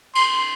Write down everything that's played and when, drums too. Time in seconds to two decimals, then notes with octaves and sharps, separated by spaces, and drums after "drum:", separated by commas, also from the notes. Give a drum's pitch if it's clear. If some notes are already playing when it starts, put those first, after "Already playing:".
0.15 C6, drum: cymbal